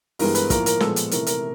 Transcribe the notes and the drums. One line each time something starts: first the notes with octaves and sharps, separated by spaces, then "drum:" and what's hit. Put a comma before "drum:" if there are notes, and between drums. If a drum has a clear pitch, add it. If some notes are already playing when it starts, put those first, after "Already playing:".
G2 E3 G#3 B3 A#4, drum: open hi-hat
B4, drum: hi-hat
A2 F3 A#3 A#4, drum: kick, hi-hat
A#4, drum: hi-hat
A#2 F3 G#3 B3 A4, drum: snare
drum: hi-hat
C3 E3 A3 A#4, drum: hi-hat
A#4, drum: hi-hat